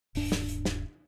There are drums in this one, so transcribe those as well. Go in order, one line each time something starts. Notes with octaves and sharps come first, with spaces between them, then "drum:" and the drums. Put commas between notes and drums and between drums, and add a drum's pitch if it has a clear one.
D1 G2 D4, drum: open hi-hat
drum: snare
drum: hi-hat
drum: snare